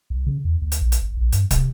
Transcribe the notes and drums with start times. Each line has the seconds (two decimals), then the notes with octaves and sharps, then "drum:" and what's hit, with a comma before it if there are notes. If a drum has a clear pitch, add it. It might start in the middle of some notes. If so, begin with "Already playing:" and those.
0.10 C2
0.27 C#3
0.45 E2
0.62 D2
0.72 drum: hi-hat
0.81 A#1
0.92 drum: hi-hat
1.02 G1
1.17 A#1
1.33 G2, drum: hi-hat
1.51 C3, drum: kick, hi-hat